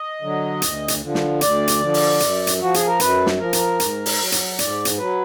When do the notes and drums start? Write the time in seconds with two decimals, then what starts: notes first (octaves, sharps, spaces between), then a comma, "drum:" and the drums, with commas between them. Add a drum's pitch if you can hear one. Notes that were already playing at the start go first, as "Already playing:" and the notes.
Already playing: D#5
0.22 D3 F#3
0.62 D2, drum: hi-hat
0.88 drum: hi-hat
1.02 D3 F3
1.15 drum: snare
1.41 D2 D5, drum: hi-hat
1.68 drum: hi-hat
1.81 D3 F3
1.94 drum: open hi-hat
2.20 F#2, drum: hi-hat
2.47 drum: hi-hat
2.60 F3 F#4
2.74 G#4, drum: hi-hat
2.87 A#4
3.00 F#2 B4, drum: hi-hat
3.26 drum: snare
3.39 F3 A#4
3.53 drum: hi-hat
3.80 G#2, drum: hi-hat
4.06 drum: open hi-hat
4.19 F#3
4.32 drum: hi-hat
4.59 G#2 D5, drum: hi-hat
4.85 drum: hi-hat
4.98 F#3 B4